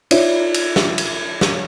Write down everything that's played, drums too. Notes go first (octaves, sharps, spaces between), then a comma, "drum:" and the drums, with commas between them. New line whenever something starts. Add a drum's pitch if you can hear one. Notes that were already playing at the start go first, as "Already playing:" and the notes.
D#4 F4 C#5 D5 E5, drum: cymbal
drum: cymbal
drum: snare
drum: cymbal
drum: snare